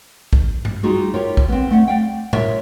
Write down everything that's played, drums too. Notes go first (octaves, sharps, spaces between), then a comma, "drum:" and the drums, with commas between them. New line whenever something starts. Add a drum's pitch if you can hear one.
drum: kick
drum: tom G2
G3 D#4 F4 F#4 G#4
E4 F4 G4 A#4 C#5
drum: kick
B3 C4
A3 C#4 F#5
D5 F5 G5
F4 A#4 C#5 E5, drum: tom